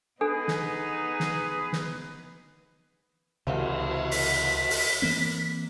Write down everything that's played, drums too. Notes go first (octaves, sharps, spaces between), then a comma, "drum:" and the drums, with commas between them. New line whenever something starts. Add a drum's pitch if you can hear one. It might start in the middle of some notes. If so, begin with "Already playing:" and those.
B3 D4 D#4 G#4 A4 B4
drum: snare
drum: snare
drum: snare
C#2 C3 E3, drum: cymbal
B6, drum: open hi-hat
drum: open hi-hat
E3 A#3 C4